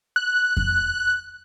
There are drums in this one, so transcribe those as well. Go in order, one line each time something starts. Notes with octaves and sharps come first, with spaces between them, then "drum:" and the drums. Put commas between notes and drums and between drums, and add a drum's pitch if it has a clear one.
F#6
drum: kick F2